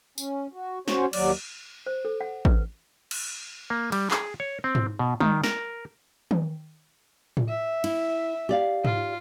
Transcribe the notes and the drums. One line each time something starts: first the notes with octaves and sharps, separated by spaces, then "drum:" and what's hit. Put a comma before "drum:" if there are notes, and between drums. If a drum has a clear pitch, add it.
C#4, drum: tambourine
F#4
C#4 F#4 C5 C#5, drum: snare
D#2 F#3 D5, drum: cymbal
C5
A4
F#5
B4, drum: kick A1
drum: cymbal
A#3
G3, drum: cymbal
G#4, drum: clap
C#5
C4
drum: tom G#2
B2
D#3, drum: tom G3
A#4, drum: snare
drum: tom D#3
drum: tom A2
E5
E4, drum: cymbal
G4 D5 F5
F4, drum: tom G#2